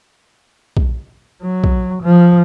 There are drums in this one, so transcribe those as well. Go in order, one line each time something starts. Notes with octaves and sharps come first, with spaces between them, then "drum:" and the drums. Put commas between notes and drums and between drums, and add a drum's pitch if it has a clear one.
drum: kick
F#3
drum: kick
F3